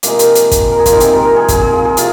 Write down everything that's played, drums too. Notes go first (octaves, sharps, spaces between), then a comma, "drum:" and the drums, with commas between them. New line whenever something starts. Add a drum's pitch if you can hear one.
C3 F3 G#3 A#3, drum: hi-hat
drum: hi-hat
drum: hi-hat
drum: kick, hi-hat
A#4
G#4
F4, drum: kick, hi-hat
D#4
C3 F3 G#3 C4, drum: hi-hat
A#4
A#4
G#4
G#4, drum: kick, hi-hat
G#4
F4
G#4
C3 F4, drum: hi-hat